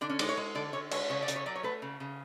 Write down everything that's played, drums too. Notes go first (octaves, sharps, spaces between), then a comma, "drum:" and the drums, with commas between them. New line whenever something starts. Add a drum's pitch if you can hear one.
D3 D4
C#4
G#3 D4, drum: cymbal
C#5
G#3
D3 D5
D3 C#5
G#3 C#5, drum: cymbal
C#3 C#5
D5
C#3, drum: hi-hat
C#5
F#3 D5
C#5
A3 B4
C#3
C#3